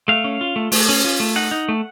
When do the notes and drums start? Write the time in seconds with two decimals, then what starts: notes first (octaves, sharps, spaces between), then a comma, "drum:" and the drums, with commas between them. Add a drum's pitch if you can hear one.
0.08 A3 F5
0.24 C#4
0.41 F4
0.56 A3
0.72 A3, drum: open hi-hat
0.89 C#4
1.05 F4
1.20 A3
1.36 D#4 F#5
1.51 D#4
1.69 A3